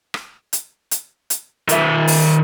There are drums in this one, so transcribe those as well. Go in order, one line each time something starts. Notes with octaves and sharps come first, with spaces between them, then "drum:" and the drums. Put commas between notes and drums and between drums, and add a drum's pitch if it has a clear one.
drum: rim click
drum: hi-hat
drum: hi-hat
drum: hi-hat
D#3 E5, drum: hi-hat
drum: open hi-hat